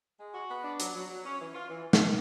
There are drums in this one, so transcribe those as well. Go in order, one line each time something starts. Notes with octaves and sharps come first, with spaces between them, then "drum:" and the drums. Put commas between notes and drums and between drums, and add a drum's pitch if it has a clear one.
G#3
F#4
B3
D4
F#3, drum: hi-hat
F#3
F#3
C#4
E3
F4
E3
drum: snare